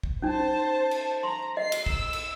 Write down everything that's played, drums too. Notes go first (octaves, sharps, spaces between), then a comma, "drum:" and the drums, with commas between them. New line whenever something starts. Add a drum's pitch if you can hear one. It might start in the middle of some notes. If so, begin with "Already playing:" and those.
drum: kick
C#4 D#4 C5 A5
drum: cymbal
A#5 C6
D#5 C7
drum: cymbal
E6, drum: kick
drum: cymbal